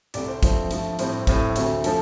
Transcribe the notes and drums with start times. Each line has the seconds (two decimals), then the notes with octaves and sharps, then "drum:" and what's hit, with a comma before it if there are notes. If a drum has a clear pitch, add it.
0.14 C2 C3 A3 D5, drum: hi-hat
0.28 C5
0.43 F2 F3 A3 C4 C5, drum: kick, hi-hat
0.71 G2 F3 A3, drum: hi-hat
0.99 A2 G3 C4 C5, drum: hi-hat
1.27 A2 G3 C4, drum: kick, hi-hat
1.56 D2 C3 A3 C4, drum: hi-hat
1.84 F3 C4 A4, drum: hi-hat